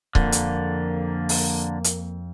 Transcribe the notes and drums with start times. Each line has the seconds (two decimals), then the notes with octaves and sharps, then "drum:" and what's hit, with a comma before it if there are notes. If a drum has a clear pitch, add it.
0.15 F2 D3 A#3, drum: kick C#1
0.32 drum: hi-hat
1.29 drum: open hi-hat
1.84 drum: hi-hat